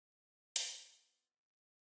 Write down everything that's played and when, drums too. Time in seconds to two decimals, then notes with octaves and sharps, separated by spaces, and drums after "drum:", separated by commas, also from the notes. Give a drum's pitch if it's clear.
0.56 drum: hi-hat
0.68 B3 C4 F4 D5